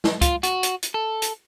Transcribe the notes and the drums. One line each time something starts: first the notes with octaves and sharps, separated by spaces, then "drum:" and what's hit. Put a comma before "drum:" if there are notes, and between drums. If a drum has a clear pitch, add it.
drum: snare
F4, drum: kick C#2, hi-hat
F#4, drum: hi-hat
drum: hi-hat
drum: hi-hat
A4
drum: hi-hat